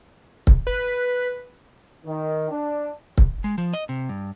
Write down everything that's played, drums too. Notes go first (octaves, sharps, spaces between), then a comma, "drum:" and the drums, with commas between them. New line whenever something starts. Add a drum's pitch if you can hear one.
drum: kick C#1
B4
D#3
D4
drum: kick C#1
G#3
F3
D#5
C3
G2